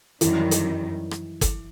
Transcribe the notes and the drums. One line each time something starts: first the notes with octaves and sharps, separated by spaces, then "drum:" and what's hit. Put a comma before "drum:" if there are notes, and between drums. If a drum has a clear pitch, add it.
F#2 D#3 E3 G3, drum: hi-hat
drum: hi-hat
drum: rim click
drum: kick, hi-hat